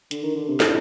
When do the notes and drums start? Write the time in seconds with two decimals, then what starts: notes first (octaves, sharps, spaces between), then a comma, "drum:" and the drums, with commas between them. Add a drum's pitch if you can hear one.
0.11 D3, drum: hi-hat
0.23 D#3
0.35 D3
0.48 C3
0.60 A2, drum: snare